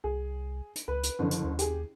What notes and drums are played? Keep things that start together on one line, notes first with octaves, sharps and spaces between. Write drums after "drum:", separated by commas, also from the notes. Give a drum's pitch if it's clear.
C2 G#4
drum: hi-hat
C#2 B4
drum: hi-hat
F#1 D3 F3
drum: hi-hat
D#2
G4 G#4, drum: hi-hat